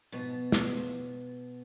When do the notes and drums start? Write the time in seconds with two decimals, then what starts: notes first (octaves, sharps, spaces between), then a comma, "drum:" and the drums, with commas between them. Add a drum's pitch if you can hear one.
0.12 G#2 B2 F3 B3
0.52 drum: snare
0.74 F3